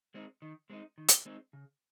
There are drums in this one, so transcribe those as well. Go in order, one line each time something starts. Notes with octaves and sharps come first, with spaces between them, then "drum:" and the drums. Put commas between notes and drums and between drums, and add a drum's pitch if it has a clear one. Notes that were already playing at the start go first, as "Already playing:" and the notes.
G#3 C4 D#4
D#3
G#3 C4 D#4
D#3
drum: hi-hat
G#3 C4 D#4
C#3